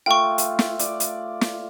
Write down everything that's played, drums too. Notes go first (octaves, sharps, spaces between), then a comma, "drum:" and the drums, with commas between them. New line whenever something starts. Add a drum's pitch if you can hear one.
A3 F4 G5 C#6
drum: hi-hat
drum: snare
D5, drum: hi-hat
drum: hi-hat
drum: snare